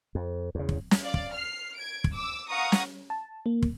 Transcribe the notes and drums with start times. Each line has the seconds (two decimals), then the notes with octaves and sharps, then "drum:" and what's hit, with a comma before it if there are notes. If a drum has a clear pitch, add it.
0.15 F2
0.55 E2 C#3
0.69 drum: kick
0.91 drum: snare
1.03 D5 F5
1.14 drum: kick
1.35 F6 C7
1.78 G#6 D7
2.04 drum: kick
2.15 D6 E6
2.49 F5 F#5 A#5 C#6 D#6
2.72 drum: snare
3.10 A5
3.46 A#3
3.62 drum: kick